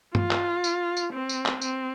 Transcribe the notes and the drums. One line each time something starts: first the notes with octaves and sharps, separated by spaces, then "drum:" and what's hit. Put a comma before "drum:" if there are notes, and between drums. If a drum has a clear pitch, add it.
F4, drum: tom
drum: clap
drum: tambourine
drum: tambourine
C4
drum: tambourine
drum: clap
C4, drum: tambourine